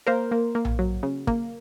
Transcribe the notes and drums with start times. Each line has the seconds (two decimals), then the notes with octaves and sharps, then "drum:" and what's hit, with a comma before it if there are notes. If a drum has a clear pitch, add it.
0.07 A#3 A#4 C5
0.32 A#3
0.55 A#3
0.65 drum: tom A#1
0.79 F#3
1.03 C#3
1.27 A#3, drum: kick